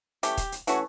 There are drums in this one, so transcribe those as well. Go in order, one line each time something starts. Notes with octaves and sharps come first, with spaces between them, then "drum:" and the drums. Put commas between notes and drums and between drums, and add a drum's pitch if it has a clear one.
E3 A3 C#4 G4, drum: hi-hat
drum: kick D#1, hi-hat
drum: hi-hat
E3 A3 C#4 F#4, drum: hi-hat